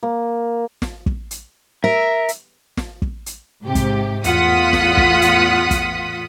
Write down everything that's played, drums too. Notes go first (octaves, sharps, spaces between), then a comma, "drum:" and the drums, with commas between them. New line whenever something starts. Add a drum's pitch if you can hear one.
A#3
drum: snare
drum: kick
drum: hi-hat
A#4 E5
drum: hi-hat
drum: snare
drum: kick
drum: hi-hat
G#2 C3 G4
drum: kick, hi-hat
E2 A2 F4 F#5 D#6 B6, drum: hi-hat
drum: snare
drum: kick
drum: hi-hat
drum: kick, hi-hat